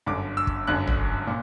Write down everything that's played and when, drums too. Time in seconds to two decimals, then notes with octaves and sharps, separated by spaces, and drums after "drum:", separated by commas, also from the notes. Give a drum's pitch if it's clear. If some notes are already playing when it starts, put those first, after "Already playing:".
0.06 G1 F#2 D3 D6
0.37 E6
0.47 drum: kick
0.67 G1 F#2 D3 F#6
0.87 drum: tom
1.27 A#2